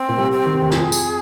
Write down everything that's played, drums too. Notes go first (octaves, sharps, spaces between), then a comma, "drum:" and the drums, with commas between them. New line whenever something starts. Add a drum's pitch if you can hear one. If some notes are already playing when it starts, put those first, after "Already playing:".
Already playing: C4
A#2
C2 C3
C4
D#3
C3
D#2 D#3
F2 F3 G#4, drum: snare
drum: tambourine